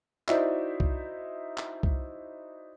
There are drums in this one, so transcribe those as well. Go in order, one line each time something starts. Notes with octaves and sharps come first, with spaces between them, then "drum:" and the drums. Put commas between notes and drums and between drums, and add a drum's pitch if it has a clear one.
D#4 E4 F#4 C5 D5 E5, drum: clap
drum: kick C2
drum: clap
drum: kick C2